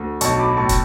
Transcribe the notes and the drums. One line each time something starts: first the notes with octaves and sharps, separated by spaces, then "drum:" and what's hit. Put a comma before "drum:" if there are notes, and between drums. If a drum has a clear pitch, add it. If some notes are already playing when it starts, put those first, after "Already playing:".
Already playing: D2
B1 A5 C#6, drum: hi-hat
B5 D6
A2 A5 C#6
drum: kick, hi-hat